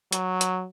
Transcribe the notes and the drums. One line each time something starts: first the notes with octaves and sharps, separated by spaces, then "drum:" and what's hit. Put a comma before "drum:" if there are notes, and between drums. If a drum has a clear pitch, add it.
F#3, drum: hi-hat
drum: hi-hat